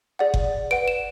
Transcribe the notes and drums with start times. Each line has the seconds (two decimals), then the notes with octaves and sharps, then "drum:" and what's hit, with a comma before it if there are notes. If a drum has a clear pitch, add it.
0.19 G#4 D5 F#5
0.34 drum: kick F#1
0.71 B4 F#5 D7
0.88 E7